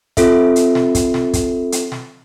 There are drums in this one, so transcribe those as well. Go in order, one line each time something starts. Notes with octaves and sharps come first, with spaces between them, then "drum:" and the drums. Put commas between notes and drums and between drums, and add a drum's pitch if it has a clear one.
C4 F4 A4 E5, drum: kick, hi-hat
drum: hi-hat
drum: snare
drum: kick, hi-hat
drum: snare
drum: kick, hi-hat
drum: hi-hat
drum: snare